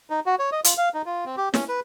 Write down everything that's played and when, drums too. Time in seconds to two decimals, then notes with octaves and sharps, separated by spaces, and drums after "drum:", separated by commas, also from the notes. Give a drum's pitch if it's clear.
0.10 D#4
0.26 F#4
0.39 C#5
0.52 D#5
0.64 F4, drum: hi-hat
0.78 F5
0.94 D#4
1.06 F4
1.25 C4
1.37 G4
1.54 C#4, drum: snare
1.69 B4